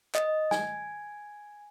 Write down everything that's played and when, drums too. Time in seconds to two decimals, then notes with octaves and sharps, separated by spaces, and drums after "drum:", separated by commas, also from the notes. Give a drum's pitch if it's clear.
0.15 D#5, drum: clap
0.51 G#5, drum: snare